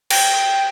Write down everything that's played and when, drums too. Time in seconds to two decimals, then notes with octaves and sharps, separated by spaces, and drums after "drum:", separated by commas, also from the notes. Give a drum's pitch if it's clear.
0.10 G5, drum: cymbal